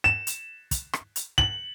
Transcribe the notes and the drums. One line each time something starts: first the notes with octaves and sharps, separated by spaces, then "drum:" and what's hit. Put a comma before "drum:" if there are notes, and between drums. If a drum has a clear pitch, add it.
E7
drum: hi-hat
drum: kick, hi-hat
drum: rim click
drum: hi-hat
F#7, drum: kick